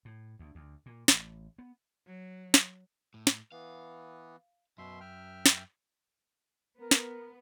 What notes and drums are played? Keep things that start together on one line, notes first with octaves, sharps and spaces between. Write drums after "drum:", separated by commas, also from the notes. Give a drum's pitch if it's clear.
A2
D2
D2
A#2
A1, drum: snare
B3
F#3
drum: snare
A2
drum: snare
E3 B3 F5
F#2 B2 E5 C6
E5 G5 F6
drum: snare
B3 A#4
drum: snare